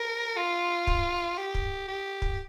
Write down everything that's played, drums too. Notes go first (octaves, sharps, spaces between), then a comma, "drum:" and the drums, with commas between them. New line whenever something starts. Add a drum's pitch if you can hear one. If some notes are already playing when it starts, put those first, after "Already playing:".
Already playing: A#4
F4
drum: kick
G4
drum: kick
G4
drum: kick